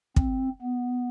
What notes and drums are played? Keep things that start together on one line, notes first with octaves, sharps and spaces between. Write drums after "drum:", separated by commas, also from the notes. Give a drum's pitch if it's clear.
C4, drum: kick
B3